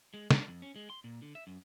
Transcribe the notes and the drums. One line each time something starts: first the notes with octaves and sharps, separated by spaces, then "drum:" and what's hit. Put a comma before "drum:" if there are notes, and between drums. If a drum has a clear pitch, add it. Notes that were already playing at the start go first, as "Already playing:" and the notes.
G#3
D4, drum: snare
F2
C#4
G#3
C6
A#2
D3
E5
F#2